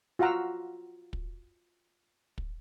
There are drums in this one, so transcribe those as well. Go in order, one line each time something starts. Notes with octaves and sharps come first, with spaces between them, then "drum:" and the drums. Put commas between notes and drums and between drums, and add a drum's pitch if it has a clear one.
F4 F#4 F5 F#5 A#5 E6
drum: kick
drum: kick